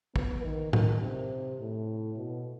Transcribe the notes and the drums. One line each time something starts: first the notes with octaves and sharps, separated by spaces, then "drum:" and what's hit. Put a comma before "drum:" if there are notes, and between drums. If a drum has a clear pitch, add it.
B3, drum: kick
D#3
D#3, drum: tom A2
C3
A2
B2